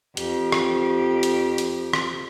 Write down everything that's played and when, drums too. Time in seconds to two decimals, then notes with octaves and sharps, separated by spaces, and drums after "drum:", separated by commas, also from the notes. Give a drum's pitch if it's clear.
0.17 F2 G4, drum: hi-hat
0.52 drum: rim click
1.23 drum: hi-hat
1.58 drum: hi-hat
1.93 drum: rim click